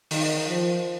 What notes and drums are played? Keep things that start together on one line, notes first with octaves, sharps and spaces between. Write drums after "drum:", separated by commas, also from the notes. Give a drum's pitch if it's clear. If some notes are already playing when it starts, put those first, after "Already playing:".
D#3, drum: open hi-hat
F3